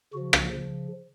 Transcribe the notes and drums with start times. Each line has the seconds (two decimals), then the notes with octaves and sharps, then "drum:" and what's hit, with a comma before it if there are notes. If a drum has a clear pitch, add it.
0.13 C#3 F3 F#4
0.33 drum: rim click
0.52 C#3 F3